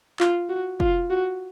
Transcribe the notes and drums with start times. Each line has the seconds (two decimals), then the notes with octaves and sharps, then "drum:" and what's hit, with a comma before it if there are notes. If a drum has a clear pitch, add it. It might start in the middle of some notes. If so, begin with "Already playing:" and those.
0.20 F4, drum: clap
0.49 F#4
0.80 F4, drum: kick
1.10 F#4